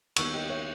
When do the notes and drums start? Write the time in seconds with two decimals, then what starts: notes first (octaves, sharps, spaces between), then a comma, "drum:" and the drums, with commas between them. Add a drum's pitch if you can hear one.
0.16 D#2 D#3 G3 B3 C#6 E6, drum: cymbal
0.33 D#5 G5
0.50 C#5 E5